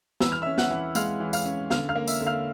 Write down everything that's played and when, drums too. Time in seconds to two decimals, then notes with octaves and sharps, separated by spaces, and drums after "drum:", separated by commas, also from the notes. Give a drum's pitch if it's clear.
0.20 E3 E6, drum: snare
0.32 F6
0.42 E5 E6
0.46 C#4
0.58 F#5 F#6, drum: snare
0.71 E3
0.95 G#3 F5 F6, drum: tambourine
1.20 E3
1.33 F5 F6, drum: tambourine
1.45 C#4
1.70 D3 F5 F6, drum: snare
1.89 F5 F6
1.96 A#3
2.07 E5 E6, drum: tambourine
2.21 D3
2.26 F5 F6